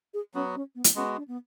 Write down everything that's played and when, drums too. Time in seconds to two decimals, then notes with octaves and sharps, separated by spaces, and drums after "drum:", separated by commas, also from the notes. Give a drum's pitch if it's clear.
0.14 G#4
0.34 F#3 B3 C#4 F#4
0.55 C#4
0.75 B3
0.84 drum: hi-hat
0.95 G#3 B3 C#4 F#4
1.17 D4
1.28 B3